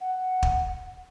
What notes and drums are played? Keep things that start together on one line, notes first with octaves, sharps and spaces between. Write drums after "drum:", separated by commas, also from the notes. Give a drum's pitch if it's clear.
F#5
drum: kick